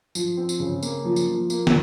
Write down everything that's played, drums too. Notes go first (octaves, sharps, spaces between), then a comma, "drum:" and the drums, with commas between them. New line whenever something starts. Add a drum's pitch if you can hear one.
F3, drum: tambourine
C4
drum: tambourine
C#3
A#3, drum: tambourine
F3
drum: tambourine
F3
A#3, drum: tambourine
drum: snare